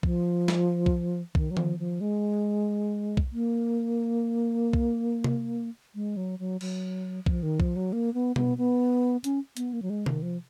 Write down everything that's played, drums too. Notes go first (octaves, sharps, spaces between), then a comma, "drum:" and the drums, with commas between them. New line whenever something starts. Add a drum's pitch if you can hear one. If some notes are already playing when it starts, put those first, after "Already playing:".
F3, drum: kick B1
drum: snare
drum: kick B1
D#3, drum: kick B1
F#3
F3, drum: tom D#3
F3
G#3
drum: kick B1
A#3
drum: kick B1
drum: tom C3
G#3
F#3
F#3
F#3, drum: cymbal
F3, drum: kick B1
D#3
F3, drum: kick B1
F#3
A#3
B3
B3, drum: tom B2
B3
C#4, drum: hi-hat
B3, drum: hi-hat
A#3
F#3
G#3
D#3, drum: tom C3
F3